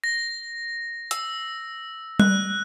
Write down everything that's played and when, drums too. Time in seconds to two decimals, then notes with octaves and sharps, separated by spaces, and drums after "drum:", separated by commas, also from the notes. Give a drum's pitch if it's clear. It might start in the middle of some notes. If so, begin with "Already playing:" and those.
0.04 A#6
1.11 E6, drum: hi-hat
2.20 F#6, drum: tom G3